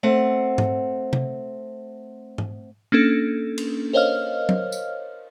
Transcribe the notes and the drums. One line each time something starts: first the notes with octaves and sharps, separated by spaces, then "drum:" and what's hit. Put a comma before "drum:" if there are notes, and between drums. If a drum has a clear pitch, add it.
A3 C4 F#5
drum: tom G#2
drum: tom C3
drum: tom G#2
A#3 C#4 D4 A4
drum: cymbal
A#4 C5 C#5 D#5 F5 F6
drum: tom
drum: tambourine